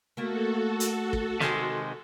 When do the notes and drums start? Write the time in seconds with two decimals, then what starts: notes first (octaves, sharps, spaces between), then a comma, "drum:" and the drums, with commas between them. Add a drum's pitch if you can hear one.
0.17 A3 A#3 F#4 A4
0.80 drum: hi-hat
1.13 drum: kick
1.40 C3 D#3 G#3, drum: snare